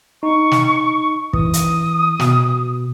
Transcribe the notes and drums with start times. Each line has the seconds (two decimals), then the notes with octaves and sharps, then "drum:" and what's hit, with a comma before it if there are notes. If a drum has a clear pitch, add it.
0.23 D#4 C#6
0.52 drum: snare
1.33 E3 D#6, drum: kick
1.53 drum: hi-hat
2.20 B2, drum: snare